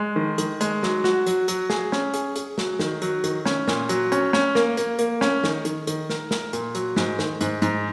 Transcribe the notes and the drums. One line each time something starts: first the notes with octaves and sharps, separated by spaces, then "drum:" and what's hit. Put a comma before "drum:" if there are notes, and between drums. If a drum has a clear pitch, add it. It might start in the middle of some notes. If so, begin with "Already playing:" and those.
Already playing: G#3
D#3
D#3, drum: hi-hat
G#3, drum: hi-hat
F#3, drum: snare
F#4, drum: snare
F#3, drum: hi-hat
F#3, drum: hi-hat
G#4, drum: snare
C#4, drum: snare
G#4, drum: hi-hat
G#4, drum: hi-hat
F#3, drum: snare
D#3, drum: snare
F#3, drum: hi-hat
D#3, drum: hi-hat
C#4, drum: snare
A#2, drum: snare
F#3, drum: hi-hat
C#4, drum: hi-hat
C#4, drum: snare
A#3, drum: snare
A#3, drum: hi-hat
A#3, drum: hi-hat
C#4, drum: snare
D#3, drum: snare
D#3, drum: hi-hat
D#3, drum: hi-hat
A#4, drum: snare
A#4, drum: snare
A#2, drum: hi-hat
F#3, drum: hi-hat
G#2, drum: snare
D#3, drum: snare
G#2, drum: hi-hat
G#2, drum: hi-hat